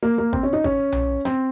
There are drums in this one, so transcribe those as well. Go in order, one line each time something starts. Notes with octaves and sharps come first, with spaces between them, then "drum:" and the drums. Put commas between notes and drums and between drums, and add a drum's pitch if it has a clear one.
A#3
A#3
C4, drum: kick
C#4
D#4
C#4, drum: kick
drum: tom B1
C4, drum: snare